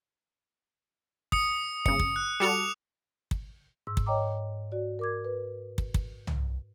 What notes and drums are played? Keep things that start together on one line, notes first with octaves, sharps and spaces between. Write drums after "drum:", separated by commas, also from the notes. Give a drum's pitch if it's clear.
D#6 C#7, drum: kick
G1 C#3 C#7, drum: kick
drum: kick
F#6
G3 F#4 A4 D6 C#7 F7
drum: kick
G#2 E6
drum: kick
C#5 D#5 G5 A#5 D6
F#4 D5
A#4 D6 G#6
B4
drum: kick
drum: kick
drum: tom C2